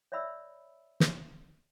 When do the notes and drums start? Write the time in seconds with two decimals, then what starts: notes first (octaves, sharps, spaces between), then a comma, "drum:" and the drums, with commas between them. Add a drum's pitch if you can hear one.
0.12 C#5 D5 E5 B5 E6
1.00 drum: snare